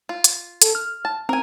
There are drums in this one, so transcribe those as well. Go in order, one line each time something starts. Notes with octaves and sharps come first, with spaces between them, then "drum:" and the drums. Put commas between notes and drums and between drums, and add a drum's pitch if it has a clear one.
F4
drum: hi-hat
A4, drum: hi-hat
F6
A5
C4 A#4 G#5